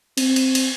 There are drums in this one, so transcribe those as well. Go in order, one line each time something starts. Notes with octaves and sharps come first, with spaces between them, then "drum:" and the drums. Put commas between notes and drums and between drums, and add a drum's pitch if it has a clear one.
C4, drum: cymbal
drum: cymbal
drum: cymbal